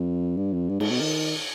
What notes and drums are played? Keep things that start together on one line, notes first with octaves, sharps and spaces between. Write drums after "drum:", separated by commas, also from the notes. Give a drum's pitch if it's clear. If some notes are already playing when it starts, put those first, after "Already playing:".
Already playing: F2
G2
F2
G2
G#2, drum: cymbal
B2
D#3